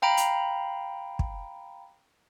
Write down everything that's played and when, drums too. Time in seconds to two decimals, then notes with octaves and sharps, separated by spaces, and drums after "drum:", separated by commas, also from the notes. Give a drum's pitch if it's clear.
0.02 F5 G5 A#5 B5 D7
0.17 drum: hi-hat
1.19 drum: kick